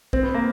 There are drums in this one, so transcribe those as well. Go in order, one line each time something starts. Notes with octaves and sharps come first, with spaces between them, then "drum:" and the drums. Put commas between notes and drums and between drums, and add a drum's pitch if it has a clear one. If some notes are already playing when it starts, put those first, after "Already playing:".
C4, drum: kick
B3
A#3